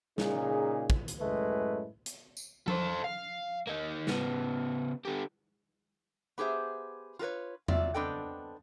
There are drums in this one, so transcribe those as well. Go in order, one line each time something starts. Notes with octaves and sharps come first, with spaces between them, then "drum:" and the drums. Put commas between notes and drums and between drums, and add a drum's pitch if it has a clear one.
A#2 C#3 D#4 G#4, drum: snare
drum: kick
drum: hi-hat
F#2 A2 G#3 A3 B4
drum: hi-hat
drum: tambourine
A4 C5, drum: tom F3
F5
A#3 D#4
C#3 B3, drum: snare
D3 G4
B3 G4 G#4 C5 E5
F4 F#4 A#4 B4 C#5
F#3 F4 D5 E5, drum: tom E2
B3 C4 D4 A4 D#5 G5